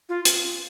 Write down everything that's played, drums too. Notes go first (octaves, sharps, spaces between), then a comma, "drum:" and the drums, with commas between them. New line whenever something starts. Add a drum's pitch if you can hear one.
F4
drum: hi-hat